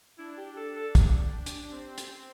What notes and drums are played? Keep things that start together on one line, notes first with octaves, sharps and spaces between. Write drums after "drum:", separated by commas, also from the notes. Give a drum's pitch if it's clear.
D4 E4
G4
A4
A4
G4, drum: kick, hi-hat
drum: hi-hat
C4
drum: hi-hat